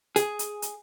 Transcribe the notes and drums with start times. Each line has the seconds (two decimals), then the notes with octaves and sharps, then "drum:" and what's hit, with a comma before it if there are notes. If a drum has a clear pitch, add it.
0.16 G#4, drum: hi-hat
0.39 drum: hi-hat
0.62 drum: hi-hat